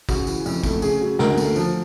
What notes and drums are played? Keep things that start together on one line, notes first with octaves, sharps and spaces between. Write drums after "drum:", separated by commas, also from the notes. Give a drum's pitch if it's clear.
C#3 F#4, drum: kick, tambourine
E3, drum: tambourine
F2, drum: tambourine
A3, drum: kick, tambourine
C#3 G#4, drum: tambourine
F#3
D2 A#4, drum: snare
A3, drum: tambourine
F3, drum: tambourine